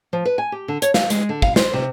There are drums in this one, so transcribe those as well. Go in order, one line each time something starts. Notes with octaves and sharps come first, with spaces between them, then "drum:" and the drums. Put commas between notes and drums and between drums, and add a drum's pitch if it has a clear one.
F3
B4
G#5
G4
D3
C#5, drum: hi-hat
F5, drum: snare
G#3, drum: hi-hat
D3
F5, drum: kick
C5, drum: snare
C3